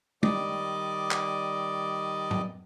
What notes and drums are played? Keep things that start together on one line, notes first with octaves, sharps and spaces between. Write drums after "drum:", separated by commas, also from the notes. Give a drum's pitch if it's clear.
D#3 G3 D5 D#5 D6, drum: tom
drum: clap
drum: tom